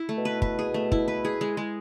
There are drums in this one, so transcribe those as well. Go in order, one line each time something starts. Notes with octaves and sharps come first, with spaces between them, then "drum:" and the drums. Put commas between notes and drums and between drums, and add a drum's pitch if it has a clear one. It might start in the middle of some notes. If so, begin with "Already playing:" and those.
Already playing: E4
A3
B2
B4
B4, drum: kick
G#4
A3
E4, drum: kick
B4
G#4
G#3
G#3